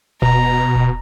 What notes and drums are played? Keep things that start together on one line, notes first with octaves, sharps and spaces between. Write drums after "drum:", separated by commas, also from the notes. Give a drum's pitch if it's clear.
B2 A#5, drum: kick E1
drum: kick E1